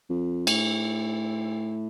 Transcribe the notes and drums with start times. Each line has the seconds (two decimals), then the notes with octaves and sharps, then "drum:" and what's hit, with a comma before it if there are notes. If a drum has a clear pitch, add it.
0.10 F2
0.47 A2, drum: cymbal